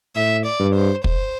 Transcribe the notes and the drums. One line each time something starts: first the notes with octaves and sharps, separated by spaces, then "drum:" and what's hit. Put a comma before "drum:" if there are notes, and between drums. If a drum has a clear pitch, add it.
A2 E5
D5
G2
C5
C5, drum: kick